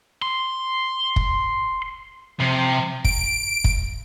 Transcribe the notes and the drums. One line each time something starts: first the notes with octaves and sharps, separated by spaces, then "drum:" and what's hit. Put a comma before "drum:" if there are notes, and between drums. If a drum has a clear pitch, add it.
C6
drum: kick
C3 F3
D7, drum: kick
drum: kick